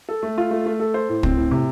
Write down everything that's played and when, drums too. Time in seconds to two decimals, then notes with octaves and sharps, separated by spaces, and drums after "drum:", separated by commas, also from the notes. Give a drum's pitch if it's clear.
0.09 A4
0.23 A3
0.38 F4
0.51 A3
0.66 A3
0.80 A4
0.94 C5
1.09 A2
1.23 C4, drum: kick
1.37 A2
1.51 C3